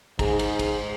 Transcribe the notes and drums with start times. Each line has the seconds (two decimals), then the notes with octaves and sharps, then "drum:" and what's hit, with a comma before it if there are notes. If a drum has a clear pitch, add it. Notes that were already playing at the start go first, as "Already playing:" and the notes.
0.19 G#2 G#4 A#5, drum: kick, cymbal
0.39 drum: cymbal
0.59 drum: kick, cymbal